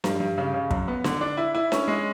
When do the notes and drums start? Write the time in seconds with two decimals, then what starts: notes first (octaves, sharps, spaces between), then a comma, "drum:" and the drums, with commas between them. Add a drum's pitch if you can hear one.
0.04 G2, drum: snare D4
0.20 G2
0.38 C#3
0.54 C#3
0.71 F#2, drum: kick
0.88 B3
1.04 D3, drum: snare D4
1.21 D4
1.37 E4
1.55 E4
1.72 C#4, drum: snare D4
1.88 G#3